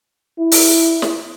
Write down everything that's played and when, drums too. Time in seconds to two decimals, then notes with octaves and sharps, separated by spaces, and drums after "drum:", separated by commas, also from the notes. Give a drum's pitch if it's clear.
0.39 E4
0.52 drum: open hi-hat
1.02 drum: snare